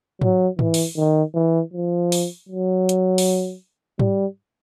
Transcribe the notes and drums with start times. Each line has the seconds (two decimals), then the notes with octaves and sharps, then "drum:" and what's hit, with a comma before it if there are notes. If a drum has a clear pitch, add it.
0.21 F#3, drum: tom G#2
0.59 E3, drum: tom G#2
0.74 drum: open hi-hat
0.97 D#3
1.34 E3
1.73 F3
2.12 drum: open hi-hat
2.49 F#3
2.89 drum: hi-hat
3.18 drum: open hi-hat
3.99 G3, drum: tom G#2